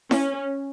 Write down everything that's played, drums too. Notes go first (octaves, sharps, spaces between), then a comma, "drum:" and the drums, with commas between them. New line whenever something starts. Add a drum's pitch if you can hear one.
C#4, drum: snare E4